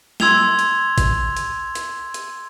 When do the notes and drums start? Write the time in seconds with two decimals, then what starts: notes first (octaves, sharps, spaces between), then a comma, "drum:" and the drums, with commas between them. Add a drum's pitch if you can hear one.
0.20 C6 E6 G#6 F7 G7, drum: snare
0.59 drum: hi-hat
0.98 drum: kick G#1, hi-hat
1.37 drum: hi-hat
1.75 drum: hi-hat
2.14 drum: hi-hat